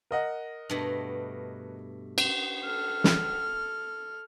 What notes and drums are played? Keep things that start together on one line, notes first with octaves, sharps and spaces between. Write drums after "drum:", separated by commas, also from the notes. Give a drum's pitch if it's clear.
A#4 D#5 F#5
G2 B2 A3
drum: cymbal
A4 F6
drum: snare